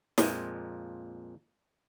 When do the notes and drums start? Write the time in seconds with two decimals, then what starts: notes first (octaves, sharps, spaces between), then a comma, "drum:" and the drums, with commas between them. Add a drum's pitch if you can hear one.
0.18 F2 A#2 F3 G#3, drum: snare